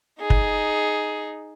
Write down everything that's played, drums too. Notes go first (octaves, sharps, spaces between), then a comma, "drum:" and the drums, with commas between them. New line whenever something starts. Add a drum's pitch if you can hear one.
D#4 G#4
drum: kick